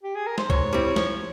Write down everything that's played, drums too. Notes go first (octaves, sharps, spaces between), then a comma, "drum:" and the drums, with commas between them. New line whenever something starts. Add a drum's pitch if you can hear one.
G4
G#4
A#4
C5, drum: snare
G#2 C#5, drum: kick C2
G3 C4 E4
F3, drum: snare